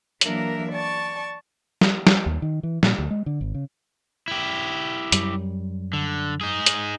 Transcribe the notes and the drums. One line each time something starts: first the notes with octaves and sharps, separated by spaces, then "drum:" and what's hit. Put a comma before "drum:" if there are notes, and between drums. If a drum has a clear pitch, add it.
E3 F#3 A#3 D4 A#4 E5, drum: hi-hat
D5 A5 C#6
drum: snare
drum: snare
D#2
D#3
E3
A#2, drum: snare
D2
G#3
D3
G#1
C#3
E4 G4
F#2 G3, drum: hi-hat
D3
D#4 G#4
drum: hi-hat